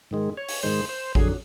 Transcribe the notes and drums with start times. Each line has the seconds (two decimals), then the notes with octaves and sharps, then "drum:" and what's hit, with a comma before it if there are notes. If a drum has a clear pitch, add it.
0.11 G#2 D#3 G#3
0.37 C#5
0.49 drum: open hi-hat
0.63 G#2 D#3 G#3 C5
0.89 C5
1.15 F2 D3 F#3 G#4, drum: kick A1